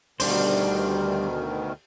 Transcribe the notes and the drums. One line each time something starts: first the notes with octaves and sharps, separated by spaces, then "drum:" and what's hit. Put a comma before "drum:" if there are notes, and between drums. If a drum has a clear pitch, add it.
D2 B2 D#3 G3 D4 C5, drum: open hi-hat